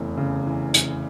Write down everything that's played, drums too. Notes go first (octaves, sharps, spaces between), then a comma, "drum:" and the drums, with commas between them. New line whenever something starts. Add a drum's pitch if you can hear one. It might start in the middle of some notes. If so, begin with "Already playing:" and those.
Already playing: F1 E2 C#3 E3
C#3
E3
drum: hi-hat